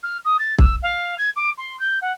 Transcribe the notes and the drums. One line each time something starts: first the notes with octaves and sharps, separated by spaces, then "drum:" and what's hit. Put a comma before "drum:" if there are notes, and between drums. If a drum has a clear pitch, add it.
F6
D#6
A6
E6, drum: kick
F5
G#6
D6
C6
G6
F#5